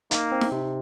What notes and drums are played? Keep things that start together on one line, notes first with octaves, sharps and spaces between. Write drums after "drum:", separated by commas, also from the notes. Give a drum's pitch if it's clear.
A#3 D#4, drum: hi-hat
C4
drum: snare
C3